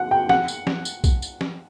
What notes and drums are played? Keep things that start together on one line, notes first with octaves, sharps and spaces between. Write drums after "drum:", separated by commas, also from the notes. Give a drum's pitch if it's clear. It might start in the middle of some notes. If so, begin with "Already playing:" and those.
Already playing: F#5
G5
F#5, drum: snare
drum: tambourine
drum: snare
drum: tambourine
drum: kick A#1, tambourine
drum: tambourine
drum: snare